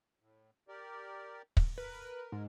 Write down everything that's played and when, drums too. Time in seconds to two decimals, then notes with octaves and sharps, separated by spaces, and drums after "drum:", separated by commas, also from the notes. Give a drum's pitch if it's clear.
0.20 A2
0.68 G4 A#4 D5
1.57 drum: kick
1.78 A#4 B4
2.32 G#2